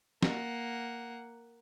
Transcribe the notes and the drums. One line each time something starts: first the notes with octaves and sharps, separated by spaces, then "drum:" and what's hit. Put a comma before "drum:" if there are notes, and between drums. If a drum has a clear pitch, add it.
A#3 F#5, drum: snare